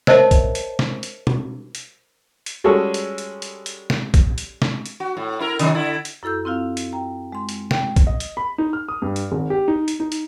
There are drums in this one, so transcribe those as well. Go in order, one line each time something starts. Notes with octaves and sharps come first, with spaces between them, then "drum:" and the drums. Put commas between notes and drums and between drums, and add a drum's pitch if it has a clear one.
A#4 C5 C#5 D#5 E5 A5, drum: snare
drum: kick A#1, hi-hat
drum: hi-hat
drum: snare
drum: hi-hat
drum: tom
drum: hi-hat
drum: hi-hat
G3 G#3 C#4 F#4 G#4 A4
drum: hi-hat
drum: hi-hat
drum: hi-hat
drum: hi-hat
drum: snare
drum: kick A#1, hi-hat
drum: hi-hat
drum: snare
drum: hi-hat
F#4
A2
E4 A#4
C3 D#3 F#3, drum: hi-hat
D3 E4
drum: hi-hat
F#2 E4 A4 E6 G6
C4 E4 F4 F5
drum: hi-hat
G5 A#5
G#3 C6
drum: hi-hat
G5, drum: snare
drum: kick A#1, hi-hat
D#5
drum: hi-hat
B5
D#4
F6
D#6
G2
drum: hi-hat
G#1
G4
D#4
drum: hi-hat
D#4
drum: hi-hat